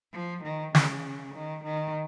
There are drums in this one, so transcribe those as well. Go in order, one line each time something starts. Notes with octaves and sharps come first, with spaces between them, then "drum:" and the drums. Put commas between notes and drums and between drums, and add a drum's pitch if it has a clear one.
F3
D#3
C#3, drum: snare
D#3
D#3